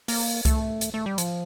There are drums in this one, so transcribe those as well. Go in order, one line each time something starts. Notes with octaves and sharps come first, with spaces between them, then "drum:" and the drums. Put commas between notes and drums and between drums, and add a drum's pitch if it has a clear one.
A#3, drum: open hi-hat
A3, drum: kick C2, hi-hat
drum: hi-hat
A3
G3
F3, drum: hi-hat